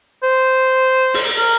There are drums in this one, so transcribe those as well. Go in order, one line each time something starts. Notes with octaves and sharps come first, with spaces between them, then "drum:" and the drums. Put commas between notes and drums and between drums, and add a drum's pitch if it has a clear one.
C5
drum: open hi-hat
A#4